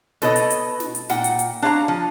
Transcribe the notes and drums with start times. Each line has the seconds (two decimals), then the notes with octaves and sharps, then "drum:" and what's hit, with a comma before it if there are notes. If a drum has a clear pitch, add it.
0.22 B2 A4 B4 C#5 D#5, drum: snare
0.36 drum: hi-hat
0.50 drum: hi-hat
0.80 drum: snare
0.95 drum: hi-hat
1.09 A#2 F#5 G5, drum: snare
1.24 drum: hi-hat
1.39 drum: hi-hat
1.62 D4 C#5 F5 G#5 A#5
1.88 F3